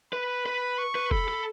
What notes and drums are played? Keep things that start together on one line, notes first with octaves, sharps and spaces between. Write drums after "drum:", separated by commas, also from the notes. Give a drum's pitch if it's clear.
B4 B5
B4
C#6
B4
A4 B5, drum: kick
A4